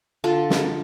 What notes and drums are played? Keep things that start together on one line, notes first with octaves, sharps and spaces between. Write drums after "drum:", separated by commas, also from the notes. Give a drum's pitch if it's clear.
D3 F4 A4
drum: snare